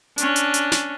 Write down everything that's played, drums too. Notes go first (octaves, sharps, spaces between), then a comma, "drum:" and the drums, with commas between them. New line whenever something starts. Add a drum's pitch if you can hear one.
C#4 D4, drum: hi-hat
drum: hi-hat
drum: hi-hat
drum: snare